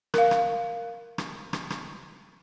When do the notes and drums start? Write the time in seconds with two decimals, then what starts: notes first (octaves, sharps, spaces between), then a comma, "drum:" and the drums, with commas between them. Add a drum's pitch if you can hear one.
0.14 A#4 F5, drum: rim click
0.31 drum: rim click
1.18 drum: rim click
1.53 drum: rim click
1.70 drum: rim click